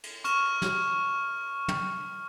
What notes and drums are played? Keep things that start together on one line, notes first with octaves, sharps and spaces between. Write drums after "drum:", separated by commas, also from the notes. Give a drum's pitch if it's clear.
drum: cymbal
C#6 F6 E7, drum: hi-hat
drum: snare
drum: tom